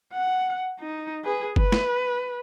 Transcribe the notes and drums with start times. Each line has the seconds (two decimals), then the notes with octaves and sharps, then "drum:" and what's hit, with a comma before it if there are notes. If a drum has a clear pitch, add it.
0.13 F#5
0.81 D#4
1.24 G#4 B4
1.56 B4, drum: kick F#1
1.72 drum: snare